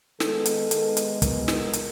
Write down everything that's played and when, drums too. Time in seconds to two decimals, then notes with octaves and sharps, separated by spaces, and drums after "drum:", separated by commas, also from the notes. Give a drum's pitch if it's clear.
0.20 D#3 G#3 B3 A4, drum: snare
0.46 drum: hi-hat
0.71 D#3 G#3 B3, drum: hi-hat
0.97 drum: hi-hat
1.22 B2 G#3 B3 A#4, drum: kick, hi-hat
1.48 drum: snare
1.73 drum: hi-hat